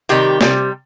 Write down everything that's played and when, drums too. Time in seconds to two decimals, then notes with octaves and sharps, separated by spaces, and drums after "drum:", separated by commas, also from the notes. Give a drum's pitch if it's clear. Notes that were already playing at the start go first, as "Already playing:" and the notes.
0.09 C3 D#3 G3 G4
0.41 C3 G3, drum: snare